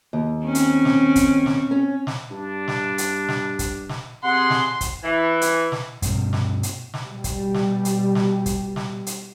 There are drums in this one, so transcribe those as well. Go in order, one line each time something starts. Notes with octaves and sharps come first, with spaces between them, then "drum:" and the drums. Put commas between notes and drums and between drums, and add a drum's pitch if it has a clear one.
D#2
C4 C#4
drum: hi-hat
drum: snare
drum: kick, hi-hat
drum: snare
C#4
drum: snare
G2 D4
drum: snare
drum: hi-hat
drum: snare
drum: kick, hi-hat
drum: snare
C3 G#4 F#5 C6
drum: snare
drum: kick, hi-hat
E3
drum: hi-hat
drum: snare
G2 B2, drum: kick, hi-hat
drum: snare
drum: hi-hat
drum: snare
B2 G3
drum: kick, hi-hat
drum: snare
drum: hi-hat
drum: snare
drum: kick, hi-hat
drum: snare
drum: hi-hat